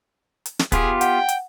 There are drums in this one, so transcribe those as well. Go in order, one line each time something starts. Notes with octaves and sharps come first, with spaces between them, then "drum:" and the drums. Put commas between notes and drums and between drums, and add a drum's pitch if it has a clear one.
drum: hi-hat
drum: snare
B3 F4 G4 G#4, drum: kick, hi-hat
F#5 G5, drum: hi-hat
drum: hi-hat